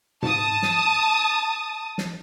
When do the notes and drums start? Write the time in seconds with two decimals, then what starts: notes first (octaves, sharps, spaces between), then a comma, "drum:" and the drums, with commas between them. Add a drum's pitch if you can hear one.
0.23 A5 D#6, drum: tom G#2
0.62 drum: snare
1.98 drum: snare